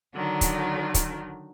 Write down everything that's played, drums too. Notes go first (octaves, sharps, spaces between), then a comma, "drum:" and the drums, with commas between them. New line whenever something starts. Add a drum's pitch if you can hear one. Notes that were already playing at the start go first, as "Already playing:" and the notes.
D3 D#3 F#3 D4
drum: kick, hi-hat
drum: kick, hi-hat